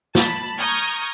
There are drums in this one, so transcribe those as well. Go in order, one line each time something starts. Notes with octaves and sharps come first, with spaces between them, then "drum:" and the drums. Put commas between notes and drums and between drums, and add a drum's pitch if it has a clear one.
A5 B5, drum: snare
A#5 C#6 D#6 F6 G6 G#6